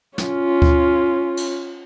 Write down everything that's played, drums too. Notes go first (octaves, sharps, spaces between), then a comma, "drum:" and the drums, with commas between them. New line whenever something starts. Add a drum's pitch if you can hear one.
C#4 F4, drum: snare
drum: kick D2
drum: cymbal